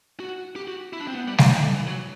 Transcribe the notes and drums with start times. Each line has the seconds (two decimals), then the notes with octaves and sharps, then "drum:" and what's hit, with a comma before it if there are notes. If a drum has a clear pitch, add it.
0.20 F#4
0.56 G4
0.68 F#4
0.93 E4
1.00 D4
1.07 C4
1.15 B3
1.28 G3
1.38 G3, drum: snare G3
1.51 E3
1.63 D3
1.75 E3
1.87 F#3